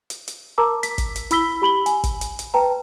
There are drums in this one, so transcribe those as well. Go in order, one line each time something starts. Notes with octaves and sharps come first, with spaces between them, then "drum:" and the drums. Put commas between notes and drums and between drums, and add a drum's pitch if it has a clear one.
drum: hi-hat
drum: hi-hat
A#4 A5 A#5 D6 E6
B6, drum: hi-hat
drum: kick, hi-hat
drum: hi-hat
E4 B5 E6 B6 G7, drum: hi-hat
G4 B5 F#7 G7
G#5, drum: hi-hat
drum: kick, hi-hat
drum: hi-hat
drum: hi-hat
B4 G5 A5 A#5